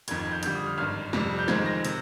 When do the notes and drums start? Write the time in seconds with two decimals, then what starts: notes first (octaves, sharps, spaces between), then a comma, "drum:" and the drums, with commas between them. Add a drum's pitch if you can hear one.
0.08 F1 F2 D#3 G#6, drum: hi-hat
0.19 G#6
0.32 G6
0.43 F2 D3 G3 G6, drum: hi-hat
0.55 D#6
0.66 F6
0.78 G#1 G2 D#3 F6
1.13 F2 C3 G3, drum: snare
1.39 G6
1.48 G1 F2 D#3 G#3 C4 G#6, drum: snare
1.66 A#6
1.85 C3, drum: hi-hat